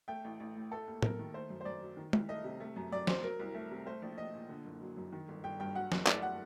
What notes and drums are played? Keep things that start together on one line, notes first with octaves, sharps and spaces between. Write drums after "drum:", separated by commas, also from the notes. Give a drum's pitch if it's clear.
A3 G5
A1
A1
A2
A3 A4
D#2
D#2 A#4, drum: tom A2
D#3
A3 C5
F#2
C5
F#2 D5
F#3
D#3
C2, drum: tom G#3
A3 D#5
C3
A3
F#2
F#2 D5
F#3 C5, drum: snare
F#3 A#4
C2
A3
C3
A3 C5
A#1
A#1 D#5
A#2
D3
F#1
F#3
F#2
D#3
G1
G1 G5
G2 G5
F#3 F#5
F#1, drum: snare
A3 D5, drum: clap
F#5